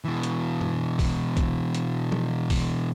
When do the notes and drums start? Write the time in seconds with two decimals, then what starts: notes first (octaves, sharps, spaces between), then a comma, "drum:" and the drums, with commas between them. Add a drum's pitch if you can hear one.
0.05 B2 E3
0.23 drum: hi-hat
0.61 drum: tom
0.99 drum: kick, open hi-hat
1.37 drum: kick, hi-hat
1.74 drum: hi-hat
2.12 drum: tom F3
2.50 drum: kick, open hi-hat